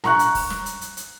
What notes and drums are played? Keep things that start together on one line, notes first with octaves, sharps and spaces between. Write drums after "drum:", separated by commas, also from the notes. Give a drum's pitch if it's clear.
A#5 C#6 F#6, drum: snare
drum: hi-hat
drum: kick, open hi-hat
drum: snare
drum: hi-hat
drum: hi-hat
drum: hi-hat